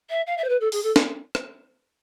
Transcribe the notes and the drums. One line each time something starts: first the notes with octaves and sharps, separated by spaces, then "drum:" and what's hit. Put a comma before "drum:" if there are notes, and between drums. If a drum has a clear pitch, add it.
E5
F5
E5
C5
B4
A4
G#4, drum: open hi-hat
A4
drum: snare
drum: rim click